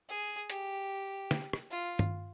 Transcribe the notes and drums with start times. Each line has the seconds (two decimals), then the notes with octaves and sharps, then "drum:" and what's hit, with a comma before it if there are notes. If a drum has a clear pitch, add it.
0.09 G#4
0.50 G4, drum: hi-hat
1.31 drum: snare
1.53 drum: rim click
1.71 F4
1.99 drum: tom G2